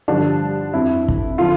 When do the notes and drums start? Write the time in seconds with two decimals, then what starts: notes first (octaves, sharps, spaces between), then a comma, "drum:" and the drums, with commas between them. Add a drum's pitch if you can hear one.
0.08 G2 D3 F3 D4
0.73 F2 E3 E4
1.08 drum: kick
1.38 D3 F3 F4